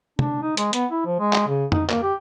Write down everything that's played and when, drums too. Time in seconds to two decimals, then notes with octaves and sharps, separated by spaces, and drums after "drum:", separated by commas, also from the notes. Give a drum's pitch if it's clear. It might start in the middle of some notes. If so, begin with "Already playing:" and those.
0.19 D4, drum: tom C3
0.42 D#4
0.57 G#3, drum: hi-hat
0.73 B3, drum: hi-hat
0.91 E4
1.06 F3
1.20 G#3
1.33 drum: clap
1.48 C#3
1.72 D#4, drum: tom
1.89 A#3, drum: clap
2.03 G4